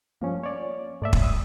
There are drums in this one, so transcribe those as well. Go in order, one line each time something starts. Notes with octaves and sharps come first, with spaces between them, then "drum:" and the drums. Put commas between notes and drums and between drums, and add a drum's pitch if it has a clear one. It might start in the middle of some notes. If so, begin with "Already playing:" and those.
G2 F3 A#3 C#4
C#5 D5
G#2 A3 D5 E5
drum: kick
D#6 E6